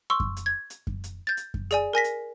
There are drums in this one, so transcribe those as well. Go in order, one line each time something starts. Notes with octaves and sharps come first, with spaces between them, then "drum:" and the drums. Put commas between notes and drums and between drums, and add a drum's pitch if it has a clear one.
C6 C#6 E6
drum: kick F#2
drum: hi-hat
G#6
drum: hi-hat
drum: kick F#2
drum: hi-hat
G6 A6
drum: hi-hat
drum: kick F#2
G#4 D5 G#5, drum: hi-hat
A#4 G#5 A#6 B6
drum: hi-hat